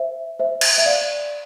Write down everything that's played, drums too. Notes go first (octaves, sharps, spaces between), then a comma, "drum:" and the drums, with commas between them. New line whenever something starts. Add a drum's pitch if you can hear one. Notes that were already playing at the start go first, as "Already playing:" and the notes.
Already playing: C5 E5
C5 E5
drum: cymbal
E5
D5 F5